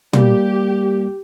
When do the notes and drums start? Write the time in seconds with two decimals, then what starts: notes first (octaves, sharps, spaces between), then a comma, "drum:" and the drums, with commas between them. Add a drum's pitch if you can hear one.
0.13 G3 A#3 G4, drum: tom